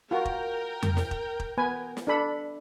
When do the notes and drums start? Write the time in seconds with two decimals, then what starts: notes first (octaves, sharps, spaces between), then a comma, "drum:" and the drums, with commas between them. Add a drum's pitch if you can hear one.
0.11 F4 F#4 A#4 G5
0.25 drum: kick E1
0.83 drum: tom F2
0.97 drum: snare
1.11 drum: kick E1
1.40 drum: kick E1
1.58 B3 B4 G#5
1.97 drum: snare
2.07 D4 A4 B5